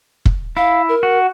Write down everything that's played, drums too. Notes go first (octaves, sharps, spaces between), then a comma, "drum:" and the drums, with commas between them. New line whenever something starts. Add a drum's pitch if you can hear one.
drum: kick
E4 F5
A#4
F#4